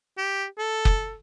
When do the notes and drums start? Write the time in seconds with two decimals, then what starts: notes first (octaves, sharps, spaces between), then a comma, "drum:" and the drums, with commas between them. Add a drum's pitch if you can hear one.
0.17 G4
0.58 A4
0.85 drum: kick